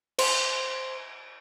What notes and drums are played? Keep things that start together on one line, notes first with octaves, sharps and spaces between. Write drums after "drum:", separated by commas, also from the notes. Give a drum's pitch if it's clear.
C5 C6, drum: cymbal